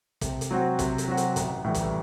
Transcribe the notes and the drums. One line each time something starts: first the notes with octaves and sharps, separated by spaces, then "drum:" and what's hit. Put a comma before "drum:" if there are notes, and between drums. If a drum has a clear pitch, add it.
C3, drum: kick, hi-hat
drum: hi-hat
F#3 C4 F#4
C3, drum: kick, hi-hat
drum: hi-hat
F#3 C4 F#4
drum: hi-hat
A1, drum: hi-hat
A2 E3 G3
drum: kick, hi-hat